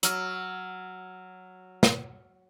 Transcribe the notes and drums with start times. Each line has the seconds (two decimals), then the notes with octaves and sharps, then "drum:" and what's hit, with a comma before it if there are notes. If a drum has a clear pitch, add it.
0.03 F#3 E6 F6, drum: hi-hat
1.83 drum: snare